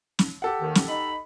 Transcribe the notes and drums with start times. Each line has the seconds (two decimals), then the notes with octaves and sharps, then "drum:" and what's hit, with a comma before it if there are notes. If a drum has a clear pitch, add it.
0.19 drum: snare
0.42 G4 A4 F#5
0.61 D#2 D#3
0.75 drum: snare
0.88 D#4 B5